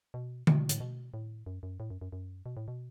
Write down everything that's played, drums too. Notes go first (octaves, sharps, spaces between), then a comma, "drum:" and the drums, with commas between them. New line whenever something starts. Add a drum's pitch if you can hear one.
B2
B2, drum: tom D3
A2, drum: hi-hat
B2
A2
F#2
F#2
A2
F#2
F#2
F#2
B2
A2
B2